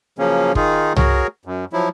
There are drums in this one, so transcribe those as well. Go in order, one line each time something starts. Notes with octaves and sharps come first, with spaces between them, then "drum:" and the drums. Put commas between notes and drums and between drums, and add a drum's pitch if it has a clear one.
C#3 F3 F#3 A#3 C#4
D#3 D#4 F4 G#4, drum: kick
F#4 G#4 A#4 C#5, drum: tom C2
F#2
F3 F#3 E4